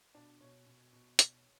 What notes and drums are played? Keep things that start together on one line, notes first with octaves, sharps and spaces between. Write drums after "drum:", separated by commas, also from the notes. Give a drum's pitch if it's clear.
B2 D4
B2 C#5
B2
B2
B2, drum: hi-hat